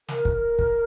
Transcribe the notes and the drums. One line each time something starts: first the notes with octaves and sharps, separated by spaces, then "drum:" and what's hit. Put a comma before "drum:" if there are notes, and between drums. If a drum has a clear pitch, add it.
A#4, drum: snare
drum: kick
drum: kick